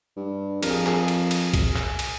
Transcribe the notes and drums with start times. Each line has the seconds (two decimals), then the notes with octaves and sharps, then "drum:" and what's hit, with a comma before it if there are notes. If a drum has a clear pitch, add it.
0.17 G2
0.63 F2 A#4, drum: cymbal
0.70 G#4
0.87 G#4, drum: clap
1.08 drum: cymbal
1.31 drum: cymbal
1.54 drum: kick B1, cymbal
1.76 drum: clap
1.99 drum: cymbal